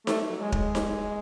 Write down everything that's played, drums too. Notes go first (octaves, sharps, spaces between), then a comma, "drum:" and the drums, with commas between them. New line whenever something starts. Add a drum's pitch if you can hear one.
A3, drum: snare D#4
F#3
G#3
G#3, drum: kick
drum: snare D#4